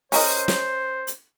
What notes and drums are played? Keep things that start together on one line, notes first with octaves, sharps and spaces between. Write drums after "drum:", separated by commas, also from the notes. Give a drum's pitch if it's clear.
C#4 A#4 C5 D#5, drum: open hi-hat
drum: snare
drum: hi-hat